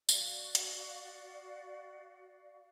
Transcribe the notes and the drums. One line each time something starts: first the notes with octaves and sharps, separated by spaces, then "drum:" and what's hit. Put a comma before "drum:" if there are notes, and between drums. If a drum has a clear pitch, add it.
F#4 D5 F5, drum: tambourine
drum: hi-hat